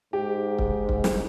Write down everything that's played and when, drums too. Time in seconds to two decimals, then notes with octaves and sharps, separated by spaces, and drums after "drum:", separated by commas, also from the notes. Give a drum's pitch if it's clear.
0.13 G#2 G4
0.59 drum: kick C#1
0.89 drum: kick C#1
1.04 drum: snare